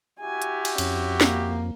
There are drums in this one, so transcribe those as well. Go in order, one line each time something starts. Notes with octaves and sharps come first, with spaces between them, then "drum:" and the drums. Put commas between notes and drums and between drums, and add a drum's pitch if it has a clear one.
E4 F#4 G4 G#5
drum: hi-hat
drum: cymbal
F2 C#4, drum: cymbal
A#3, drum: snare